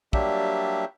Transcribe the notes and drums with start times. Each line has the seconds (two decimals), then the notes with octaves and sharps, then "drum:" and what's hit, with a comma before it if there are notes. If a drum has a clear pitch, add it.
0.13 F#3 G3 A#3 D4 G4 E5, drum: kick